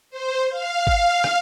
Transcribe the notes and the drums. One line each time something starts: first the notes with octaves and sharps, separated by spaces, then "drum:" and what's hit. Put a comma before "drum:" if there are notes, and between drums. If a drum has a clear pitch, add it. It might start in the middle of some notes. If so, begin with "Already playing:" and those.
C5
F5
drum: kick
drum: rim click